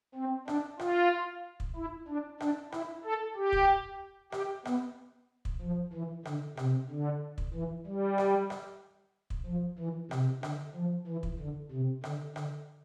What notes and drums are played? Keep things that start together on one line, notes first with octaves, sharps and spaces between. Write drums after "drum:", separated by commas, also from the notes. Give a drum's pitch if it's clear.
C4
D4, drum: rim click
F4, drum: rim click
drum: kick
E4
D4
D4, drum: rim click
E4, drum: rim click
A4
G4
drum: kick
G4, drum: rim click
B3, drum: rim click
drum: kick
F3
E3
D3, drum: rim click
C3, drum: rim click
D3
drum: kick
E3
G3
drum: rim click
drum: rim click
drum: kick
F3
E3
C3, drum: rim click
D3, drum: rim click
F3
E3
drum: kick
D3
C3
D3, drum: rim click
D3, drum: rim click